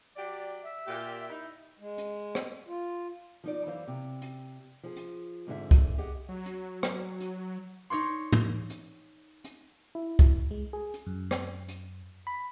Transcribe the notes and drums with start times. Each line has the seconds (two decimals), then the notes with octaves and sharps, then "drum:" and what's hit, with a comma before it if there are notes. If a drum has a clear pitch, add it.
0.16 F#3 G4 D5
0.63 E5
0.86 A#2 G4
1.29 D#4 E4
1.80 G#3
1.98 drum: hi-hat
2.35 drum: rim click
2.67 F4
3.44 F3 D#4 D5
3.66 F#2 E3 E4 C5 F5
3.88 C3
4.22 drum: hi-hat
4.83 F3 G#4
4.96 drum: hi-hat
5.47 F2 G#2 D3 G#3 G#4 E5
5.71 drum: kick C2, hi-hat
5.98 G4 G#4 D#5 F#5
6.29 F#3
6.46 drum: hi-hat
6.83 drum: rim click
7.20 drum: hi-hat
7.90 D#4 C#5 D5 C6
8.32 drum: tom
8.70 drum: hi-hat
9.44 drum: hi-hat
9.95 E4
10.19 drum: kick C2, hi-hat
10.51 G#3
10.73 G#4
10.94 drum: hi-hat
11.06 F#2
11.31 drum: rim click
11.68 drum: hi-hat
12.27 B5